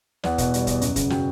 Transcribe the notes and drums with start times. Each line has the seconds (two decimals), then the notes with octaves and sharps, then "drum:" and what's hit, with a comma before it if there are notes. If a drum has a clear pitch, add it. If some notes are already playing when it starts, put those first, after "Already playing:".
0.24 E2 F#5, drum: snare
0.38 B2 F#5, drum: kick, hi-hat
0.54 G3, drum: hi-hat
0.67 E2, drum: kick, hi-hat
0.81 F#2, drum: hi-hat
0.96 C#3, drum: kick, hi-hat
1.10 F#3 G5, drum: snare